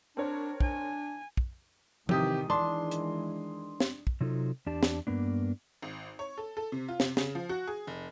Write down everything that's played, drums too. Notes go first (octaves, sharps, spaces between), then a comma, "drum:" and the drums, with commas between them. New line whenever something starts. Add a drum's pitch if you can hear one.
C4 D4 A#4 C#5
D4 G#5, drum: kick
drum: kick
A2 C3 D#3 E3 G4 D#6, drum: tom F3
D#3 E3 G#3 D4 C6
drum: hi-hat
drum: snare
drum: kick
C3 F#3 D#4 F4 A4
E2 D4 G4 D5 A5
drum: snare
G2 A#3 B3 D4
G#1
C#5
A4
A4
C3
F4
C3, drum: snare
C#3, drum: snare
F3
F#4
G#4
F1